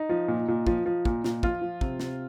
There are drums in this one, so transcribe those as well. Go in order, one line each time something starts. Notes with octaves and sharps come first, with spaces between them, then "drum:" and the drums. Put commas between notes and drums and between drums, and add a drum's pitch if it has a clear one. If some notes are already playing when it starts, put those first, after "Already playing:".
Already playing: D#4
F3
A#2
A#2
F3, drum: kick
F3
A#2, drum: kick
A#2, drum: snare
F3 F4, drum: kick
F3
C3, drum: kick
C3, drum: snare